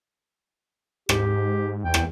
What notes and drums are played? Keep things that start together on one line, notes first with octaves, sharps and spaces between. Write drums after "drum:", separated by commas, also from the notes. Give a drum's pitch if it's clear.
G#2 G4, drum: rim click
E2 G5
drum: rim click